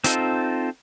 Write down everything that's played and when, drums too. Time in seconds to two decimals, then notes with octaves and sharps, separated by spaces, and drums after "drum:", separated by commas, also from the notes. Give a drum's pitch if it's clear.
0.04 C4 D#4 F4 A4, drum: hi-hat